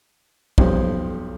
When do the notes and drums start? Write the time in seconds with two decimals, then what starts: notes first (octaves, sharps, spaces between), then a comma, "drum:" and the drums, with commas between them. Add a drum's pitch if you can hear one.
0.58 B1 F2 G3 C4, drum: kick